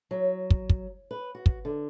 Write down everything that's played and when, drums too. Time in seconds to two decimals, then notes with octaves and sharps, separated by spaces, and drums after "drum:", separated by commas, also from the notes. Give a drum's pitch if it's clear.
0.11 F#3
0.50 drum: kick
0.70 drum: kick
1.11 B4
1.35 F#4
1.46 drum: kick
1.65 D3